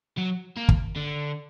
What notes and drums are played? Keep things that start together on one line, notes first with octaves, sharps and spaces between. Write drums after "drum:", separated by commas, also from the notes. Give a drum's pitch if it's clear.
F#3
A#3
drum: kick
D3